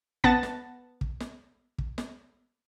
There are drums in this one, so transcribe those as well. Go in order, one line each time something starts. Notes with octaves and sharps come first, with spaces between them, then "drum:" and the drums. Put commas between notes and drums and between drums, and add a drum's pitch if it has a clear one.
B3 F#5 A5 A6 A#6, drum: kick
drum: snare
drum: kick
drum: snare
drum: kick
drum: snare